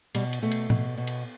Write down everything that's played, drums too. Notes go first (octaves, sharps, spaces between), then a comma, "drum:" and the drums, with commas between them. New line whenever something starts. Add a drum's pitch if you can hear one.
B2 G3, drum: cymbal
drum: cymbal
B2 A3
drum: cymbal
B2, drum: tom A2
B2
drum: cymbal